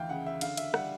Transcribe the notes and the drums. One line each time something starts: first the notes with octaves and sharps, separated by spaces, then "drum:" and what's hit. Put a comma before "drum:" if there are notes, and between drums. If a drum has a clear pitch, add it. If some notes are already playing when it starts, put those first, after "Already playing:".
Already playing: D2 E3 F5 G5
C#3 F#5
E5
D3 F5, drum: cymbal
E5, drum: cymbal
G3 F#5, drum: rim click